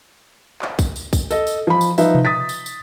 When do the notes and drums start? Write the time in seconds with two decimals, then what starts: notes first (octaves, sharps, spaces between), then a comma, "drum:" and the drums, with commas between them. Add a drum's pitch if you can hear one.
0.62 drum: clap
0.79 drum: kick, tambourine
0.96 drum: tambourine
1.13 drum: kick, tambourine
1.30 A4 D#5, drum: tambourine
1.47 drum: tambourine
1.67 F3 B5
1.81 drum: tambourine
1.98 F3 D#4 B4 E5, drum: tambourine
2.15 drum: tom B2
2.25 D#6 A6 B6
2.49 drum: tambourine
2.66 drum: tambourine